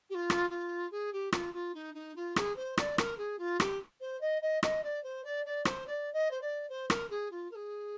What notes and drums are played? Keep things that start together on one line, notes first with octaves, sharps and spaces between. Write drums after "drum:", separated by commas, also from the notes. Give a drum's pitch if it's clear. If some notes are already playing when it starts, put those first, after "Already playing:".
G4
F4
drum: rim click
F4
G#4
G4
F4, drum: rim click
F4
D#4
D#4
F4
G#4, drum: rim click
C5
D5, drum: rim click
A#4, drum: rim click
G#4
F4
G4, drum: rim click
C5
D#5
D#5
D#5, drum: rim click
D5
C5
D5
D5
C5, drum: rim click
D5
D#5
C5
D5
C5
A#4, drum: rim click
G#4
F4
A#4
G#4